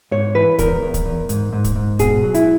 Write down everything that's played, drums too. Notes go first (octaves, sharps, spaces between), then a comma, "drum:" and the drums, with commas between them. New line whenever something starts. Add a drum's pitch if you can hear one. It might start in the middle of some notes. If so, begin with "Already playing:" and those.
G#2 C#5
E3 B4
E2 A#4, drum: kick, hi-hat
E2
drum: kick, hi-hat
E2
G#2, drum: hi-hat
G#2
drum: kick, hi-hat
G#2
B2 G#4, drum: kick, hi-hat
F#3
E4, drum: hi-hat